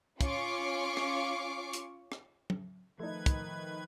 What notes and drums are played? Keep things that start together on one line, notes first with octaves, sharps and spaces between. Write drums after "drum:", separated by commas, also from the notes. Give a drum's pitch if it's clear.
C#4 F4 C#6 D6 C7, drum: kick, hi-hat
drum: rim click
drum: hi-hat
drum: rim click
drum: tom F#3
D#3 F3 A3 D#4 B4 G#6
drum: kick, hi-hat